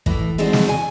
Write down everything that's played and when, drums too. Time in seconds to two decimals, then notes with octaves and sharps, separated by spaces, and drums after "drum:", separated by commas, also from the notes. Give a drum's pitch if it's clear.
0.06 A2 E3, drum: kick
0.38 G#3 C4 D4 D#4 F#4
0.53 drum: snare
0.69 G#5